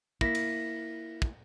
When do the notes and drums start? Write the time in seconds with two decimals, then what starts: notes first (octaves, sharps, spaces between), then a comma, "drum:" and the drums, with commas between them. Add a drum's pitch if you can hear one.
0.21 A#3 E4 A#6 B6, drum: kick
0.35 drum: cymbal
1.22 drum: kick